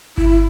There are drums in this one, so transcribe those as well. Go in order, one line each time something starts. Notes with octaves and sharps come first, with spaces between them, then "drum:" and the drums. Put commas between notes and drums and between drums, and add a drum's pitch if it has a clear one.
E4, drum: kick G1